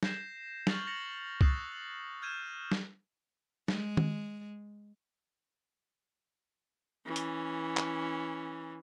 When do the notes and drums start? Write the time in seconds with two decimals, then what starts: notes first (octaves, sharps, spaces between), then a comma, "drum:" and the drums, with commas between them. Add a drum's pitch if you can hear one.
0.03 G6 G#6 A#6 C7 E7, drum: snare G3
0.67 C#6 F6 G6 A6 F7 F#7, drum: snare G3
0.86 C#6 A6 A#6 C#7 F7 F#7
1.41 C#6 D#6 E6 F#6 A6 C7, drum: kick C2
1.72 F#7
2.22 F6 G6 G#6 D#7 E7
2.72 drum: snare G3
3.68 G#3, drum: snare G3
3.97 drum: tom D#3
7.06 E3 C#4
7.16 drum: hi-hat
7.77 drum: clap